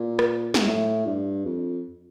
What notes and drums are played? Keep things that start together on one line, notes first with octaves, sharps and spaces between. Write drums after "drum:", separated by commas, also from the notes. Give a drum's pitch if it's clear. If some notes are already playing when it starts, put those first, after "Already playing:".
Already playing: A#2
drum: rim click
drum: snare
A2
G2
F2